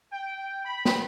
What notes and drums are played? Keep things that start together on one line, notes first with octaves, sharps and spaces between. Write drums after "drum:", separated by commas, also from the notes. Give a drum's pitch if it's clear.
G5
B5
drum: snare